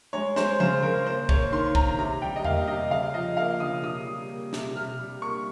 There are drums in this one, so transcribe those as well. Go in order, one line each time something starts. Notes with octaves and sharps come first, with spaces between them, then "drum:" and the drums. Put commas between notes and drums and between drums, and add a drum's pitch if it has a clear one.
G#3 C#5
G#3 C5, drum: snare
C#3 C5, drum: tom F3
C#3 A#4
A#3 C5
A#3 C#5, drum: kick
D#3 C6
D#3 A#5, drum: kick
C3 A#5
G3 G5
D#5
A#3 F5, drum: tom E2
C3 D#5
C#3 F5
F3 D#5
A#3 F5
C#3 D#6
C3 D#6
G3
A#3
C3, drum: snare
C3 F6
G3
A#3 C#6